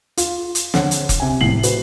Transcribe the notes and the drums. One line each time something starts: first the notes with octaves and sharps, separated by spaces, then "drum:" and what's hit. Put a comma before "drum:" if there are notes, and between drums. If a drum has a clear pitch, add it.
F4, drum: hi-hat
drum: hi-hat
D3 C4 C#5 F#5, drum: snare
drum: hi-hat
drum: kick F1, hi-hat
C3 G#5
F1 A2 C7 F#7
E4 F#4 B4 C5, drum: hi-hat